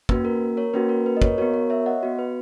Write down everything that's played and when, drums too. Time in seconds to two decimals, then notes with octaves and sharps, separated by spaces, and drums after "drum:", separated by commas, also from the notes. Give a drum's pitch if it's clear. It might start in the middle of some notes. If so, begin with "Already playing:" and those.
0.09 A#3 C#4 F#4 B4, drum: kick
0.25 A#4
0.57 A#4 C#5
0.74 A#3 C#4 F#4 B4
0.89 A#4
1.06 B4
1.17 D#5
1.22 A#4 C#5, drum: kick
1.38 B3 F#4 A#4 C#5
1.54 A#4
1.70 C#5 E5
1.86 D#5 F#5
2.03 B3 F#4
2.19 B4